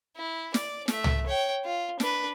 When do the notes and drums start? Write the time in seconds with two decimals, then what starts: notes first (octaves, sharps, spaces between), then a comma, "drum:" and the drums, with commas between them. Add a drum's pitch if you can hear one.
0.17 E4
0.54 D5, drum: snare
0.88 A3 E5, drum: snare
1.04 drum: tom
1.27 C#5 G5
1.65 F4
2.00 D4 B4, drum: snare